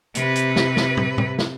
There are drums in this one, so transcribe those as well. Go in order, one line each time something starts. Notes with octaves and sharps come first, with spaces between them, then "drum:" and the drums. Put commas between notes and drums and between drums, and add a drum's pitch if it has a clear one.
C3 B4, drum: hi-hat
drum: hi-hat
drum: snare
drum: snare
drum: tom
drum: tom A2
drum: snare